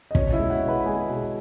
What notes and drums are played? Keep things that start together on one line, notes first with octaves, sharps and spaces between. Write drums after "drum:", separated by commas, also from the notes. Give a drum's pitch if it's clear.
D#5
B2 C#4 C#5, drum: kick
E4 E5
G#3
F#4 F#5
B2
B4 B5
G#3 G#4 G#5
B2